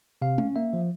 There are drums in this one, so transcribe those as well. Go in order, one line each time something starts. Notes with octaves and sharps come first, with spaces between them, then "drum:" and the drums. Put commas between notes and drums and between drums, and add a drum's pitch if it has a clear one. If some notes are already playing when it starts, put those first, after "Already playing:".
C3 F5
C#4, drum: tom G#3
A#3 E5
F3